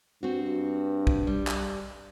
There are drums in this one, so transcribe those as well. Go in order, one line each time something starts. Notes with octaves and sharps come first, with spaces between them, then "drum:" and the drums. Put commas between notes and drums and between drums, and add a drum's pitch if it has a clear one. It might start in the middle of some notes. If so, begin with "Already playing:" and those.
G2 C4 F#4
drum: kick
G3
drum: clap